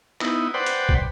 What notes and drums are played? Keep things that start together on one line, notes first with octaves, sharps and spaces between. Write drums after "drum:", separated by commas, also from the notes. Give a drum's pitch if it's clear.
B3 D#4 E4, drum: clap
B4 C5 D5 F#5 G5
drum: hi-hat
drum: kick